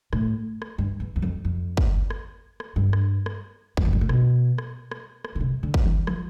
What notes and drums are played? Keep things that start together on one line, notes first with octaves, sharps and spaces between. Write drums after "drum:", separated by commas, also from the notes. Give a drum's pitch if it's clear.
A2, drum: rim click
drum: rim click
G2
E2
E2
F2
F2
drum: kick
drum: rim click
drum: rim click
G2
drum: rim click
drum: rim click
E2, drum: kick
F2
G2
A2
B2, drum: rim click
drum: rim click
drum: rim click
drum: rim click
B2
C3
D3
drum: kick
E3
F3, drum: rim click